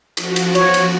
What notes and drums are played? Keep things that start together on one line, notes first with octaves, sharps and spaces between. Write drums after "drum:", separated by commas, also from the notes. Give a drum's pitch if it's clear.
F3 F#4, drum: cymbal
drum: cymbal
C#5, drum: cymbal
drum: cymbal